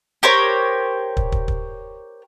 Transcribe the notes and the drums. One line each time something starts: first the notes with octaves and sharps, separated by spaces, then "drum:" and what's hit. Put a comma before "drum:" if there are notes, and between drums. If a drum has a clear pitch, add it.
G4 A#4 C5 C#5
drum: kick
drum: kick
drum: kick